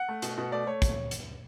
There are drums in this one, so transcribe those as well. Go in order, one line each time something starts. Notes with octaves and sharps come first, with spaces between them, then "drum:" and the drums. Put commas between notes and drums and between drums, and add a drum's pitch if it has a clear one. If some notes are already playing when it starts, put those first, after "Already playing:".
Already playing: F#5
A3
B2, drum: hi-hat
B2
A3 D5
A3 C#5
drum: kick, hi-hat
drum: hi-hat